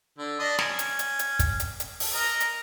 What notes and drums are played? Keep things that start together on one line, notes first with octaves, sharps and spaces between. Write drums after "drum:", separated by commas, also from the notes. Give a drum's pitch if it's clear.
D3
D4 D#5
C#4, drum: snare
drum: hi-hat
drum: hi-hat
drum: hi-hat
drum: kick, hi-hat
drum: hi-hat
drum: hi-hat
drum: open hi-hat
A#4 D#5 A#5
drum: hi-hat